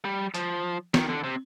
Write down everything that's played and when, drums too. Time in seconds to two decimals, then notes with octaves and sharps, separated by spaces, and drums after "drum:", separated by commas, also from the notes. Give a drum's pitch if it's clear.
0.05 G3
0.34 F3, drum: hi-hat
0.94 D#3, drum: snare
1.09 D3
1.24 C3